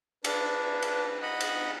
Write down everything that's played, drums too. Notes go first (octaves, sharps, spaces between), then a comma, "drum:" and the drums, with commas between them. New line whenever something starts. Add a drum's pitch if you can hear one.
D4 B4, drum: cymbal
drum: cymbal
D#5 F#5 B5
drum: cymbal